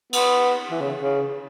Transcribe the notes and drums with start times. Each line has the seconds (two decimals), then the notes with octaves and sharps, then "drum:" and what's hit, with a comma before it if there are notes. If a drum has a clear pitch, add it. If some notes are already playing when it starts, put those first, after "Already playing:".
0.13 B3, drum: cymbal
0.71 E3
0.81 C#3
0.99 C#3